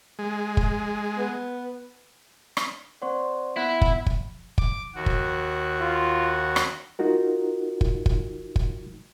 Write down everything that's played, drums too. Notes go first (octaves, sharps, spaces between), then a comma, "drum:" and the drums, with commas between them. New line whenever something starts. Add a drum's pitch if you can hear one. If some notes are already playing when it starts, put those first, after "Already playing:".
G#3
drum: kick
B3
drum: rim click
C4 C5 D5 F#5 C6 C#6
B3 E4 E5 F#5 F#6
drum: kick
drum: kick
D6, drum: kick
D#2 F#4
drum: kick
F4
drum: rim click
D#4 F4 F#4 A#4
drum: kick
drum: kick
drum: kick